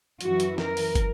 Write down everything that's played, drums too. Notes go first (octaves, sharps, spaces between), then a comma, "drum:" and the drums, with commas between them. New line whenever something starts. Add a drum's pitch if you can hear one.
F#2 E3 F#4, drum: hi-hat
drum: hi-hat
A#4, drum: snare
drum: open hi-hat
drum: kick, hi-hat